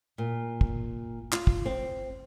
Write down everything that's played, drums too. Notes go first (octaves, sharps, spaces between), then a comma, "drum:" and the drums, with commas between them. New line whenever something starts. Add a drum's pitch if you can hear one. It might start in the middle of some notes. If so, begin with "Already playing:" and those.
A#2
drum: kick
F4, drum: clap
drum: kick
C4